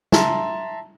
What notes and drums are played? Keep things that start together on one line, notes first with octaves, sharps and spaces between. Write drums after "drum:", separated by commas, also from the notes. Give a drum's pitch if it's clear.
E5 A5 A#5 C6, drum: snare